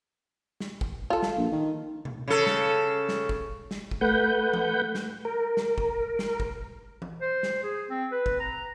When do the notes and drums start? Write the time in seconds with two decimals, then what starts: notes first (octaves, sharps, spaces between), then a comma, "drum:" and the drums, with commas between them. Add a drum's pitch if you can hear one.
0.60 drum: snare
0.81 drum: kick
1.10 F4 A4
1.23 drum: snare
1.37 A#1
1.52 D#3
2.05 drum: tom B2
2.28 C#3 A4
2.47 drum: snare
3.09 drum: snare
3.29 drum: kick
3.71 drum: snare
3.91 drum: kick
4.01 A3 B4 F#5 G6
4.53 drum: tom E3
4.95 drum: snare
5.25 A#4
5.57 drum: snare
5.78 drum: kick
6.19 drum: snare
6.40 drum: kick
7.02 drum: tom E3
7.21 C5
7.43 drum: snare
7.64 G#4
7.90 C4
8.12 B4
8.26 drum: kick
8.40 A#5